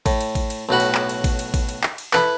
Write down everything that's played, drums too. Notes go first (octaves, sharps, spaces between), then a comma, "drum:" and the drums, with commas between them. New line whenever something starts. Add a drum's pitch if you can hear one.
A2, drum: kick A1, cymbal
drum: cymbal
drum: kick A1, cymbal
drum: cymbal
B1 A2 F#4 B5
drum: cymbal
drum: clap
drum: cymbal
drum: kick A1, cymbal
drum: cymbal
drum: kick A1, cymbal
drum: cymbal
drum: clap
drum: cymbal
E4 A4 B4, drum: clap